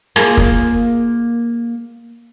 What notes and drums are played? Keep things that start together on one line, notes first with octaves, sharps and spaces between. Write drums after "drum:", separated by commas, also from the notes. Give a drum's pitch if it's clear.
A#3 F4 G#4, drum: rim click
drum: kick